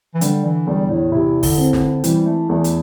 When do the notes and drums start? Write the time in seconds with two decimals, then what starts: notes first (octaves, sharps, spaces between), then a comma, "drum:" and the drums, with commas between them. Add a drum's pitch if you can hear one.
0.15 E3
0.21 D3 G3, drum: hi-hat
0.44 E3
0.67 E2 G3
0.90 A2
1.12 C3 E4
1.43 D3, drum: kick, open hi-hat
1.58 C4
1.73 D3, drum: snare
2.04 E3 G3, drum: hi-hat
2.27 A3
2.49 E2 A3
2.64 drum: hi-hat